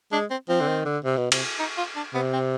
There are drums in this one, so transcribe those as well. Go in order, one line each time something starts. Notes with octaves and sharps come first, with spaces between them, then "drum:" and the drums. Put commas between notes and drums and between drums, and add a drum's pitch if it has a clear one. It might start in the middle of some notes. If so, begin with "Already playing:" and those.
G#3 D4
C4
F3 C4
D3
D#3
D3
C3
B2
C3, drum: cymbal
D#4
F4
D4
C3 B3
C4